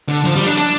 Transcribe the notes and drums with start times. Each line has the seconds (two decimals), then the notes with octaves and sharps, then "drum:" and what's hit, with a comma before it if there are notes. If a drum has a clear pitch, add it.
0.09 D3
0.25 F3, drum: hi-hat
0.36 G3
0.46 D4
0.57 D4, drum: hi-hat